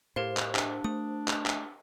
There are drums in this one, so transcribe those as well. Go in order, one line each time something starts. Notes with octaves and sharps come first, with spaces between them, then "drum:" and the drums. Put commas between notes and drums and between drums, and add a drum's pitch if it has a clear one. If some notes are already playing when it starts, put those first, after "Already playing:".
A2 G4 A#4 C5 F5
drum: clap
D4, drum: clap
A3 D#6
drum: clap
drum: clap